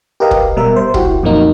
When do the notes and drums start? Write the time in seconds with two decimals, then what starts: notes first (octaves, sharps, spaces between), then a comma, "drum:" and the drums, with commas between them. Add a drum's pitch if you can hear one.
0.20 G4 A#4 B4 D#5 F5
0.31 drum: kick
0.57 B2 G3 A#4 E5
0.76 C5
0.94 E4 F#4 G4, drum: kick
1.23 F2 A#2 F#3 A#3 D#4